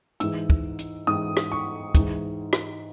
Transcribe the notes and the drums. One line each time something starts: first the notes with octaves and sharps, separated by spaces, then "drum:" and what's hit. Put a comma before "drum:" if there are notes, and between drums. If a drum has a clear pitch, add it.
G#2 E3 E6, drum: hi-hat
drum: kick
drum: hi-hat
G#2 E3 D#6
drum: rim click
C#6
G#2 E3, drum: kick, hi-hat
drum: rim click